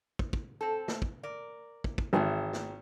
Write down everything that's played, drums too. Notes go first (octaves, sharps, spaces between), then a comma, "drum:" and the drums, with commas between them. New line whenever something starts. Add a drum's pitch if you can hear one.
drum: kick
drum: kick
C4 A4
drum: snare
drum: kick
A#4 D5
drum: kick
drum: kick
G#1 E3 G#4 E5
drum: snare